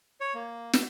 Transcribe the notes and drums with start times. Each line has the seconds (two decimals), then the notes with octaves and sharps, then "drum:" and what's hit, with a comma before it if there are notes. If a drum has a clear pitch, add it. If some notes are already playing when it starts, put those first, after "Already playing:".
0.20 C#5
0.34 A#3
0.73 drum: snare